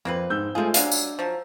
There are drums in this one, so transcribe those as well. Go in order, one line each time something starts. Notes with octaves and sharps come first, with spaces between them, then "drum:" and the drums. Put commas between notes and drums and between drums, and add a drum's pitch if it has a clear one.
F2 A#3 C4 B4
G#2 E6 G6
F3 G#3 A3 F4 G#4
F#3 G#3 D4 F5, drum: hi-hat
drum: tambourine
F3 F#3